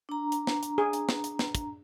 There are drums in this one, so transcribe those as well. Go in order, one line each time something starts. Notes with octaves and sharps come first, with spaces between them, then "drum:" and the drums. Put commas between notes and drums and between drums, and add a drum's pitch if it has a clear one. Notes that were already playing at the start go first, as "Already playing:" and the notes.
D4 A#5
drum: hi-hat
drum: snare
drum: hi-hat
G#4
drum: hi-hat
drum: snare
drum: hi-hat
drum: snare
drum: kick, hi-hat